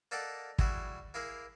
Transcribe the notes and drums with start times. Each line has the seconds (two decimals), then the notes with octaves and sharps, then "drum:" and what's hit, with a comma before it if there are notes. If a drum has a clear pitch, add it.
0.11 A#3 A4 D5 D#5 F#5
0.59 G3 E4 F#4 G#4, drum: kick
1.14 A#3 E4 G#4 A#4